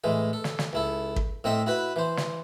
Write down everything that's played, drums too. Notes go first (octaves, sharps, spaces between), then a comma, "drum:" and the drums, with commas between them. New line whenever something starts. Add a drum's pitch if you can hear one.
A2 E3 G#3
A4
drum: snare
drum: snare
C#2 E4 A4
drum: kick
A2 C4 A4 D#5 E5
E4 F#4 B4
E3 C5
drum: snare